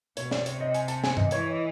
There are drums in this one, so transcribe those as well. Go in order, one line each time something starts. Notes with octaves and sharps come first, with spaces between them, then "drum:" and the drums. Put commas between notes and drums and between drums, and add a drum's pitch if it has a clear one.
B2 C#5, drum: hi-hat
D5, drum: snare
C3 C#5, drum: hi-hat
D#5
G#5, drum: hi-hat
A5, drum: hi-hat
G#5, drum: snare
D#5, drum: tom G2
E3 C#5, drum: hi-hat
D#5